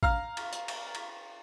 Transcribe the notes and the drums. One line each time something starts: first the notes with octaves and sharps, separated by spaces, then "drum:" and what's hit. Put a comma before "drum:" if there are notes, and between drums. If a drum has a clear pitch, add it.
F5 A#5 F6, drum: kick
drum: cymbal
drum: hi-hat
drum: cymbal
drum: cymbal